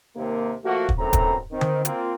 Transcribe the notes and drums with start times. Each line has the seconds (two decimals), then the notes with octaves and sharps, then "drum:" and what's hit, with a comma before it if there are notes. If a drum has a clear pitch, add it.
0.16 D#2 C3 A#3
0.64 F3 A3 A#3 F#4
0.89 drum: kick
0.99 B1 F#2 A2 C4 A4 A#5
1.13 drum: kick, hi-hat
1.52 D#3 C4
1.61 drum: tom D3
1.85 A#3 C4 F4, drum: hi-hat